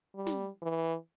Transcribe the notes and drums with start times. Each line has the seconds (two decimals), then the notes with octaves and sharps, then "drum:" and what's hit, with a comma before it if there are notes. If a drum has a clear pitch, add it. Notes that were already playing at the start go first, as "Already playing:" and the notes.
0.16 G3
0.27 drum: snare
0.62 E3